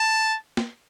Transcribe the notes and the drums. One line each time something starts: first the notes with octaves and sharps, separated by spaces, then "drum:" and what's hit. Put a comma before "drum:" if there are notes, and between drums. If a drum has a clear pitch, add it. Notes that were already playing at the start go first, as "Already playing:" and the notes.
Already playing: A5
drum: snare